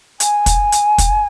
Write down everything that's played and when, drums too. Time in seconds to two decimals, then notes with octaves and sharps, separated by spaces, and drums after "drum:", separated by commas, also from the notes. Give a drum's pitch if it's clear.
0.20 G#5, drum: hi-hat
0.46 drum: kick, hi-hat
0.72 drum: hi-hat
0.98 drum: kick, hi-hat